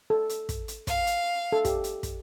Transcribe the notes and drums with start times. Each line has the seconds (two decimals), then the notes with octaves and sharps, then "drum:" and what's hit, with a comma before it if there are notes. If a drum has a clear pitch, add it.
0.10 A4
0.29 drum: hi-hat
0.49 drum: kick, hi-hat
0.68 drum: hi-hat
0.87 F5, drum: kick, hi-hat
1.07 drum: hi-hat
1.52 A4
1.65 G4, drum: kick, hi-hat
1.84 drum: hi-hat
2.03 drum: kick, hi-hat